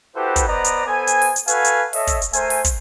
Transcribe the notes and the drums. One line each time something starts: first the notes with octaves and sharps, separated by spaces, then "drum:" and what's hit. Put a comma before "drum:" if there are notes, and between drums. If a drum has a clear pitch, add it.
E4 F#4 G4 A4 B4 C5
drum: kick, hi-hat
B3 B4 C5 D5 D#5 A#5
drum: hi-hat
B3 A4 C5 G#5
drum: hi-hat
drum: open hi-hat
drum: hi-hat
F#4 A4 B4 F5 F#5 G#5, drum: hi-hat
drum: hi-hat
A4 C#5 D#5 E5, drum: open hi-hat
drum: kick, hi-hat
drum: hi-hat
A3 A#4 C5 E5 G#5, drum: hi-hat
drum: open hi-hat
drum: kick, hi-hat